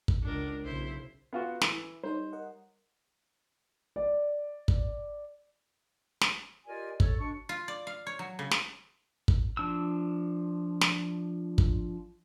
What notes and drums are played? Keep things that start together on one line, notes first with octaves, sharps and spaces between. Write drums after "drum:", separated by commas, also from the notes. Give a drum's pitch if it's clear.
drum: kick
C#2 D4 A#4
B1 C#3 E4 C5
B3 F4 F#4
E3, drum: snare
G3 D#4 C5 C#5
A#4 D#5 F#5
D5
drum: kick
drum: snare
F4 G4 A#4 D5 D#5 G#5
A4 C#5, drum: kick
B2 D4 C#6
F4
D5
F5
C#5
F#3
C#3
drum: snare
drum: kick
F3 D4 E6
drum: snare
drum: kick